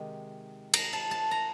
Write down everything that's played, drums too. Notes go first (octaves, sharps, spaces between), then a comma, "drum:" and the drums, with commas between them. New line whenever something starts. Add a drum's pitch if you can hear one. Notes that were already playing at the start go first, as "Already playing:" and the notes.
Already playing: C3 D#3 G#3
A#5, drum: cymbal
A5
A5
A#5